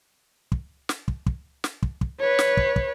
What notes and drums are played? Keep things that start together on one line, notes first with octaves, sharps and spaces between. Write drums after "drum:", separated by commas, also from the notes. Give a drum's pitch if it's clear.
drum: kick
drum: snare
drum: kick
drum: kick
drum: snare
drum: kick
drum: kick
B4 C#5
drum: snare
drum: kick
drum: kick